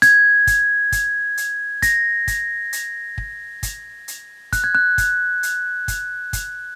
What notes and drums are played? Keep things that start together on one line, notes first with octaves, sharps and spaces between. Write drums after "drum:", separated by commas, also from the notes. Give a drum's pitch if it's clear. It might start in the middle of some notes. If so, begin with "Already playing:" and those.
G#6, drum: hi-hat
drum: kick, hi-hat
drum: kick, hi-hat
drum: hi-hat
A#6, drum: kick, hi-hat
drum: kick, hi-hat
drum: hi-hat
drum: kick
drum: kick, hi-hat
drum: hi-hat
F#6, drum: kick, hi-hat
G#6
F#6
drum: kick, hi-hat
drum: hi-hat
drum: kick, hi-hat
drum: kick, hi-hat